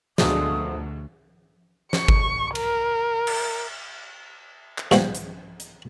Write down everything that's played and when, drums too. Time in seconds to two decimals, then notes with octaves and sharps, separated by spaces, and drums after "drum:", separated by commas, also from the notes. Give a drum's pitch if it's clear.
0.18 D2 B2 D3 F3 F#3 G#3 A3 D#6, drum: snare
1.93 C#6, drum: snare
2.08 drum: kick G1
2.55 A#4, drum: cymbal
3.27 drum: cymbal
4.78 drum: clap
4.91 G2 F3 B3, drum: snare
5.15 drum: hi-hat
5.60 drum: hi-hat